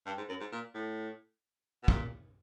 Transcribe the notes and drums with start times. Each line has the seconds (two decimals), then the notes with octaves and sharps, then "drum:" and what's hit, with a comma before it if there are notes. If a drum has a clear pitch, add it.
0.06 G2
0.18 G#2
0.29 F#2
0.40 G#2
0.52 A#2
0.75 A2
1.83 B2
1.88 A#2, drum: kick